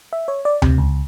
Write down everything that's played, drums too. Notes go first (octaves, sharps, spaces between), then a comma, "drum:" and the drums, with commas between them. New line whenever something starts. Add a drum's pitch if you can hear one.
E5
C#5
D5
C3, drum: tom D2
C#2